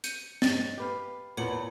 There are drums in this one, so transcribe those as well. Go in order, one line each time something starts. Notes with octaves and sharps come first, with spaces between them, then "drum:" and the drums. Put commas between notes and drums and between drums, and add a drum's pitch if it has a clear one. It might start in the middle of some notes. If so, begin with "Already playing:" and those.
G6 C#7 D#7, drum: hi-hat
D#5 A6, drum: snare
G4 B4 F5
E2 A#2 E3 B3 C#5 C#7 F#7